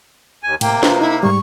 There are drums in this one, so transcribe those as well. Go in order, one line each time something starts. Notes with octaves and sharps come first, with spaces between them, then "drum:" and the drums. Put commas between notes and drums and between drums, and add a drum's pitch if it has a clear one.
D#2 G#5
A2 C3 A#3 G5, drum: cymbal
F4 B4 C5, drum: snare
D#4 E4
G#2 G3 C#6